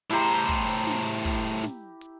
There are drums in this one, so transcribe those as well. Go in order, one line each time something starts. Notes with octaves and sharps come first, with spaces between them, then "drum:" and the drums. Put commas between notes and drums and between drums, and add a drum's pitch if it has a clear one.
A2 E4 G4 C5 A#5
drum: kick, hi-hat
drum: snare
drum: kick, hi-hat
drum: snare
drum: hi-hat